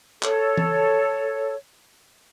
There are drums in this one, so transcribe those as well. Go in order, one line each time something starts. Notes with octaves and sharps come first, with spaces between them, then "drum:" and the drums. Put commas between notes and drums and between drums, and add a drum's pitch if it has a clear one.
A4 C#5, drum: clap
drum: tom E3